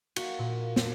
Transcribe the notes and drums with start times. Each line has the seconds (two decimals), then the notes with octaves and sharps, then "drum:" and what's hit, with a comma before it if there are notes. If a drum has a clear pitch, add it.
0.16 A#3 F#4, drum: cymbal
0.39 A#2
0.76 drum: snare